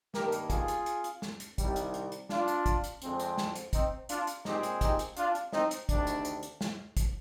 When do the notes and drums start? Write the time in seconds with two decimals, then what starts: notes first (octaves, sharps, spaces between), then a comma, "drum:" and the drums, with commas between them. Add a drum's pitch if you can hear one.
0.14 G2 D#3 A#3 G4 A#4, drum: snare
0.32 drum: hi-hat
0.50 F4 G#4, drum: kick, hi-hat
0.68 drum: hi-hat
0.86 drum: hi-hat
1.04 drum: hi-hat
1.22 drum: snare
1.40 drum: hi-hat
1.58 C2 C3 D#3 G3, drum: kick, hi-hat
1.76 drum: hi-hat
1.94 drum: hi-hat
2.12 drum: hi-hat
2.29 D4 F4, drum: snare
2.48 drum: hi-hat
2.66 drum: kick, hi-hat
2.84 drum: hi-hat
3.02 F2 D3 G#3 C4, drum: hi-hat
3.20 drum: hi-hat
3.37 drum: snare
3.55 drum: hi-hat
3.73 C4 D#4, drum: kick, hi-hat
4.09 D4 F4, drum: hi-hat
4.27 drum: hi-hat
4.45 A#2 G#3 C4 D#4 G4, drum: snare
4.63 drum: hi-hat
4.81 D#4 G4, drum: kick, hi-hat
4.99 drum: hi-hat
5.17 D4 F4, drum: hi-hat
5.35 drum: hi-hat
5.53 C4 D#4, drum: snare
5.71 drum: hi-hat
5.89 D2 C3 D#3 D4, drum: kick, hi-hat
6.07 drum: hi-hat
6.25 drum: hi-hat
6.43 drum: hi-hat
6.61 drum: snare
6.97 drum: kick, hi-hat